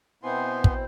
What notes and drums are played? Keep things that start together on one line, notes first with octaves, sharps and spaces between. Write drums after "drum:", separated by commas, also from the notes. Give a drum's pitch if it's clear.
B2 B3 C4 E4 C5 G#5 C6
drum: kick